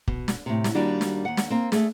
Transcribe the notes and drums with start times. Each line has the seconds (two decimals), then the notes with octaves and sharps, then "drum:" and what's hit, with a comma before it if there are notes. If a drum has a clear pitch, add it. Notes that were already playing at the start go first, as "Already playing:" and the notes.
0.08 B2, drum: kick
0.28 drum: snare
0.46 A2 C3
0.64 drum: snare
0.75 D#2 D#3 G3 D4 F#4
1.01 drum: snare
1.25 D#2 F#5
1.37 drum: snare
1.50 A#3 C4
1.72 A3 G#4, drum: snare